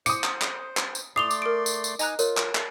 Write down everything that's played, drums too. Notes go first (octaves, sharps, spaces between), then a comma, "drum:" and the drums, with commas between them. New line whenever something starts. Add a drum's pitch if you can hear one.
C5 D6 D#6 C#7, drum: tambourine
drum: clap
drum: clap
drum: clap
drum: tambourine
A3 D5 C6 D6 D#6 C7 F7 G7
drum: tambourine
A#4 D7
drum: tambourine
drum: tambourine
D#4 D#5 G#5 A#5 F#6, drum: tambourine
F4 A#4 C#5, drum: tambourine
drum: clap
drum: clap